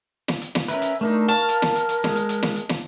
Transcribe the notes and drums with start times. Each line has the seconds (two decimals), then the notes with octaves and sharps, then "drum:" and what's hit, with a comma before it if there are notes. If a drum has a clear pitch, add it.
0.28 drum: snare
0.42 drum: hi-hat
0.55 drum: snare
0.68 C#4 A#4 B4 E5, drum: hi-hat
0.82 drum: hi-hat
1.01 A3 D4 D#4 A#4
1.28 F5 A5 C#6
1.49 drum: hi-hat
1.62 drum: snare
1.76 drum: hi-hat
1.89 drum: hi-hat
2.04 G#3, drum: snare
2.16 drum: hi-hat
2.29 drum: hi-hat
2.43 drum: snare
2.56 drum: hi-hat
2.69 drum: snare